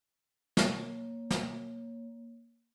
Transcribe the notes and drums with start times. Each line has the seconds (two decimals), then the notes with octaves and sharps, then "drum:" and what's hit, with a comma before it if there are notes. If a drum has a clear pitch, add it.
0.57 A#3 C#5, drum: snare
1.31 drum: snare